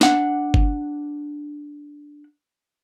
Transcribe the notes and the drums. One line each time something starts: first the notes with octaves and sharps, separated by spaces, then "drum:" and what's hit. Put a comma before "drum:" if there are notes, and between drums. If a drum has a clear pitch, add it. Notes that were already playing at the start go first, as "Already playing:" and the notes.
D4 F#5, drum: snare
drum: kick G1